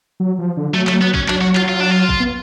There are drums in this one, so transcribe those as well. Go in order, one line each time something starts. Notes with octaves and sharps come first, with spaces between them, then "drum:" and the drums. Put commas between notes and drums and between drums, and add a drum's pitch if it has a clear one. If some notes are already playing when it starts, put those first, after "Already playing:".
F#3
F3
D3
F#3 A3
A3, drum: clap
B3
C#4, drum: kick
F#3 D4, drum: clap
F#4
F4, drum: clap
F4
D4
F4
drum: kick
B3